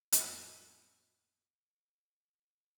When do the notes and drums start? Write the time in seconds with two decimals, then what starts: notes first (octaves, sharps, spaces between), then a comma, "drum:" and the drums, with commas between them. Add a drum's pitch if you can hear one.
0.12 F2 A2 A3 B3, drum: hi-hat